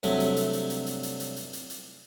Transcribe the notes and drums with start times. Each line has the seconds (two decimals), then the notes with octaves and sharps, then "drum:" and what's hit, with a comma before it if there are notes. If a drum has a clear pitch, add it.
0.03 G2 C3 F#3 A3, drum: hi-hat
0.20 drum: hi-hat
0.36 drum: hi-hat
0.53 drum: hi-hat
0.70 drum: hi-hat
0.86 drum: hi-hat
1.03 drum: hi-hat
1.20 drum: hi-hat
1.36 drum: hi-hat
1.53 drum: hi-hat
1.70 drum: hi-hat